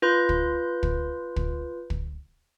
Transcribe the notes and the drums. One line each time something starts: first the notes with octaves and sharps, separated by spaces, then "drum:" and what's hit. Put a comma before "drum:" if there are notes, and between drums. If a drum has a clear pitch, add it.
F4 B4 C6 G6
drum: kick
drum: kick
drum: kick
drum: kick